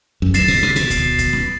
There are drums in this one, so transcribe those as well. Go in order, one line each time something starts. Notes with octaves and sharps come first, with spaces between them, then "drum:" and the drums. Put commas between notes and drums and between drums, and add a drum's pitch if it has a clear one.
F#2
G2 A6 C7 E7, drum: kick D2, hi-hat
B2, drum: open hi-hat
C3, drum: snare C#4
B2, drum: hi-hat
drum: kick D2, hi-hat
drum: kick D2, hi-hat
drum: snare C#4